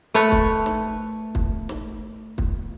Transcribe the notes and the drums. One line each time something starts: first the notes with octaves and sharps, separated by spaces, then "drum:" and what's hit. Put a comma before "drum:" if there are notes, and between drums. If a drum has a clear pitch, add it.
A3 B4 C#5
drum: kick
drum: snare
drum: kick
drum: snare
drum: kick